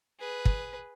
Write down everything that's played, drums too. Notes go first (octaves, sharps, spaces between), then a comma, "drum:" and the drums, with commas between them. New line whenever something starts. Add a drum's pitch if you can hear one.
G#4 B4
drum: kick